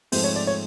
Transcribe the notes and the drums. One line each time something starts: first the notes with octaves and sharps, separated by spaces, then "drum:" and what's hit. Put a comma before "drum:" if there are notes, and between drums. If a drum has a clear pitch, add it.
G#2 F3 A3 C4 C5, drum: open hi-hat
C#5
D5
C#5